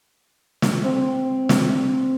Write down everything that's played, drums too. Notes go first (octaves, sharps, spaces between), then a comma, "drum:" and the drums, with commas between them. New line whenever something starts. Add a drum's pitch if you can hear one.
drum: snare
C4
drum: snare